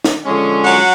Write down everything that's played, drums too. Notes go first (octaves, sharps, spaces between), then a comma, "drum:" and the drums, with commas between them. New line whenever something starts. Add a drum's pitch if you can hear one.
drum: snare
D3 F3 G#3 C#4
F#3 F#4